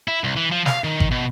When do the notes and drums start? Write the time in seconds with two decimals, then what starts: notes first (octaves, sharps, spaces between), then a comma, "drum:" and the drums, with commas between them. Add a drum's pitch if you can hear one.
0.08 E4
0.24 C2
0.37 E3
0.52 F3
0.66 F5, drum: snare
0.84 D#3
1.00 drum: kick G#1
1.11 B2